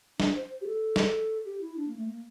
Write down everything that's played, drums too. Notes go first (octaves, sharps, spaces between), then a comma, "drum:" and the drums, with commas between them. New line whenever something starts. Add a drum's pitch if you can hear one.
D4, drum: snare
C5
G4
A4
drum: snare
G4
E4
D4
A#3
A3
A#3